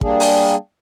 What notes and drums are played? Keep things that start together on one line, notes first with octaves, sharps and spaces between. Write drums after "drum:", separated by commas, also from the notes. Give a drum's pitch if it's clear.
G3 A#3 D4 G#4, drum: kick
drum: open hi-hat